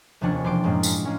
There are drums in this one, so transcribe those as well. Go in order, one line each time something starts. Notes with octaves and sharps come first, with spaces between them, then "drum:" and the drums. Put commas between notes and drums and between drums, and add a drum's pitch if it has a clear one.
F1 D#2 F3 C#4 D4 C#7
E1 C6 D6 D7
F#2 A2 G#3 A#3
F4, drum: tambourine
G#3 A#3 C#4